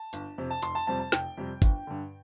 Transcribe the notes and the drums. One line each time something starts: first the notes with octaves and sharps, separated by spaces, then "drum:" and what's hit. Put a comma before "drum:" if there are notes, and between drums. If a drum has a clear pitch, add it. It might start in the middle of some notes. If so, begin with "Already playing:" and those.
Already playing: A5
G1, drum: hi-hat
F2 C3
A5
F1 C6, drum: hi-hat
A5
F2 C3 G3 C4 A5
A5
F1 G5, drum: snare
F2 C3 G3 C4
G1, drum: kick, hi-hat
G2 D3